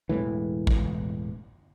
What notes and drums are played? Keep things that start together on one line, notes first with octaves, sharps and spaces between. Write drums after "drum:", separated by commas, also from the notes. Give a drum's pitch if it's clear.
E1 C#2 A2 E3
drum: kick